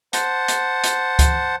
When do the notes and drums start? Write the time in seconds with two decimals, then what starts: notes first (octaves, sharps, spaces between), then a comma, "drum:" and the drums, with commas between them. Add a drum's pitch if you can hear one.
0.13 C5 F#5 A5, drum: hi-hat
0.48 drum: hi-hat
0.84 drum: hi-hat
1.19 drum: kick C#2, hi-hat